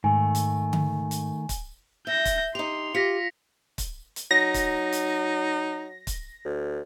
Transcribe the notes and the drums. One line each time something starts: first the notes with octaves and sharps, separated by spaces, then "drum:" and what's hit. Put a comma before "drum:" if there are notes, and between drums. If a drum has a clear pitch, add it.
G#2 D#3 A3 G#5
drum: hi-hat
drum: tom D3
drum: hi-hat
drum: kick, hi-hat
E5 G6 A#6
drum: kick, hi-hat
D#4 G4 C6 F7
F4 G4 A#6 B6 C#7
drum: kick, hi-hat
drum: hi-hat
F#3 D#4 A#6
drum: kick, hi-hat
drum: hi-hat
drum: kick, hi-hat
D2